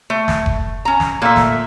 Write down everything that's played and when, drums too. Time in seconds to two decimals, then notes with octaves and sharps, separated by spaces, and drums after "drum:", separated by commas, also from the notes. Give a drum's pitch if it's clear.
0.10 A3
0.28 drum: snare
0.46 drum: kick F1
0.85 C#4 A#5
1.00 drum: snare
1.22 A#2 A3 A#3 E5
1.36 drum: snare